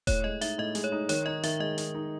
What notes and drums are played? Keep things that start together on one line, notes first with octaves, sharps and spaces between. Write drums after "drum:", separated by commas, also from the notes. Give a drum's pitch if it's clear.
A2 C#5, drum: kick E1, hi-hat
G#3 D#5
D#4 E5, drum: hi-hat
A2 D#5
G#3, drum: hi-hat
C#5
D#4
D#3 C#5, drum: hi-hat
D#4 D#5
D#3 E5, drum: hi-hat
G#3 D#5
D#4, drum: hi-hat
D#4